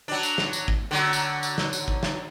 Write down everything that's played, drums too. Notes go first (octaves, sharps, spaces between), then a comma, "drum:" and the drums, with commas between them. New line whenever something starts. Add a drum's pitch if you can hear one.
F#3 D4
drum: tambourine
drum: snare
drum: tambourine
drum: kick G#1
D3 F#3
drum: tambourine
drum: tambourine
drum: snare
drum: tambourine
drum: kick G#1
drum: snare